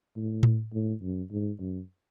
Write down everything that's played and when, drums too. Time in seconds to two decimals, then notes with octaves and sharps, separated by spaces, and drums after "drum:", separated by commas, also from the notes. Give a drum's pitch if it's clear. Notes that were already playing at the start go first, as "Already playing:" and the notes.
0.16 A2
0.43 drum: tom A2
0.74 A2
1.02 F#2
1.31 G#2
1.60 F#2